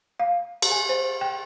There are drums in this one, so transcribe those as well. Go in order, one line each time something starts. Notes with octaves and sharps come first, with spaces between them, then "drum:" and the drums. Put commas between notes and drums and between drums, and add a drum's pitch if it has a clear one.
F5
drum: cymbal
G#5
C5
G5